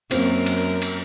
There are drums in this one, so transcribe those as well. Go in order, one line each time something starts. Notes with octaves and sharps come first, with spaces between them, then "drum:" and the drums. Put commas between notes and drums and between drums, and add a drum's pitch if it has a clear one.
F#2 A#3 C4 A#4, drum: cymbal
drum: cymbal
drum: cymbal